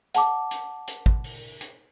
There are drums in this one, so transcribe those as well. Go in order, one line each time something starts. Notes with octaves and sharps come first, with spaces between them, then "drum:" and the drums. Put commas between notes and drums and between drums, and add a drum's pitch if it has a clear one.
F#5 A5 D6, drum: hi-hat
drum: hi-hat
drum: hi-hat
drum: kick
drum: open hi-hat
drum: hi-hat